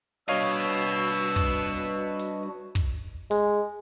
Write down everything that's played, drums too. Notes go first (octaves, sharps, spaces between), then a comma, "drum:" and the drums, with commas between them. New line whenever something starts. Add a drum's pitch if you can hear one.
G3 D4 F#4 B4 C#5 D#5 F5 E6
drum: kick
drum: hi-hat
drum: kick, hi-hat
G#3, drum: hi-hat